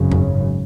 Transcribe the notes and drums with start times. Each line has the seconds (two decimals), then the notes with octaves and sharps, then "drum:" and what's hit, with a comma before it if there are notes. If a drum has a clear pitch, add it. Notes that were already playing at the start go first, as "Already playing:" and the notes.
Already playing: G#1 F#2 C#3
0.12 drum: tom E2